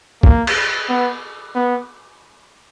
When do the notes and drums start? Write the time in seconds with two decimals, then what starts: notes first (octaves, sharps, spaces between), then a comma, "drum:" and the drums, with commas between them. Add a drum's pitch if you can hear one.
0.23 A#3, drum: kick
0.47 drum: cymbal
0.89 B3
1.55 B3